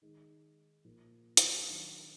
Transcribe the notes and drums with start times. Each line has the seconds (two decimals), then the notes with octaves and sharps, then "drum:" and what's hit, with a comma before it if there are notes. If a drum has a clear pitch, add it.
0.02 D#3 G#3 D#4
0.85 A#2 F3 A#3
1.37 drum: hi-hat
1.68 D#3 F#3 D4